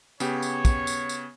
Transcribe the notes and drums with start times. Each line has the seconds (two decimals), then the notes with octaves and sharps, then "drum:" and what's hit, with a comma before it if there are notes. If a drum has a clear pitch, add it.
0.20 C#3 B3 G4 C#5, drum: tambourine
0.42 drum: tambourine
0.65 drum: kick, tambourine
0.87 drum: tambourine
1.09 drum: tambourine